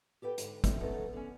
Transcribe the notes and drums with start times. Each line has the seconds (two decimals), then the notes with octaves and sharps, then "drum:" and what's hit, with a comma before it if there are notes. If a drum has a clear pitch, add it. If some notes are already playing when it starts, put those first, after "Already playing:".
0.22 G4 A4 B4 G5
0.38 G#2 D3, drum: hi-hat
0.64 A3 C4 D4 D#4 E5, drum: kick, hi-hat
0.80 A3 B3 C#4 D#4 A4 D#5
1.13 D3 C#4